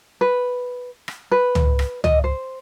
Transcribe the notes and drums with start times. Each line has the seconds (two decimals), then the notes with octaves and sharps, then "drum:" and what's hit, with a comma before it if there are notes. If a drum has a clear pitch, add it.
0.21 B4
1.08 drum: rim click
1.32 B4
1.55 drum: tom C#2
1.79 drum: rim click
2.04 D#5, drum: tom C#2
2.24 C5